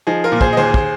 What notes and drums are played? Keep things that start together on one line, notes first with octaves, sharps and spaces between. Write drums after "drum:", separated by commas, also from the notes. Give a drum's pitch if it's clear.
F3 D#4 G#4
F4 A#4
A#2
G#4 C5, drum: kick
D#5
D#2 G#4 C5
drum: kick